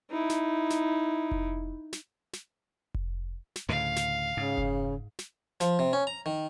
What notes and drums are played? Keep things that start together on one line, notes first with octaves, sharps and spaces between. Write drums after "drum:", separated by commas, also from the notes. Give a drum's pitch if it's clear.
D#4 E4
drum: snare
drum: snare
drum: kick F1
drum: snare
drum: snare
drum: kick F1
drum: snare
D2 A2 C#3 F5
drum: snare
G#2 C#3
drum: kick F1
drum: snare
F3, drum: snare
C3
C#4
A#5
D#3